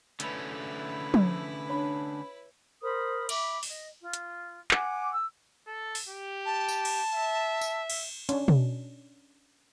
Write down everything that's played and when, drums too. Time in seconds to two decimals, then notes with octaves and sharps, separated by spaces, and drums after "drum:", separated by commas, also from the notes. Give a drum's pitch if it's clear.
0.20 D3 A3 C#4 E4 B4, drum: hi-hat
1.14 drum: tom
1.70 D4 C#5 B5
2.81 A#4 C5 B5 D#6
3.29 E5 B5 D6, drum: cymbal
3.63 D#5, drum: open hi-hat
4.00 F4
4.13 drum: hi-hat
4.71 F#5 G#5 D6, drum: clap
5.13 E6
5.67 A4
5.95 drum: open hi-hat
6.08 G4
6.46 A5
6.68 drum: tambourine
6.85 drum: cymbal
7.13 E5
7.61 drum: tambourine
7.90 drum: cymbal
8.29 C#4 D4, drum: hi-hat
8.48 drum: tom